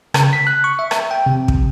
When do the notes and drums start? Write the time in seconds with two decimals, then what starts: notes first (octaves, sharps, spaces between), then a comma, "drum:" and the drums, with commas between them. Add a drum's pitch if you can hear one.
0.14 C#3, drum: rim click
0.33 B6
0.47 F#6
0.64 C#6
0.79 E5
0.91 drum: rim click
1.11 G5
1.26 C3
1.48 drum: kick